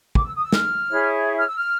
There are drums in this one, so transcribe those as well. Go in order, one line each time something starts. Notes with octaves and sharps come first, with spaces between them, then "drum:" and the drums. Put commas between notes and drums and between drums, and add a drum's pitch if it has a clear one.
D6, drum: kick
E6
D#6
E6
F6, drum: snare
E4 G#4 C#5
F6
E6
F6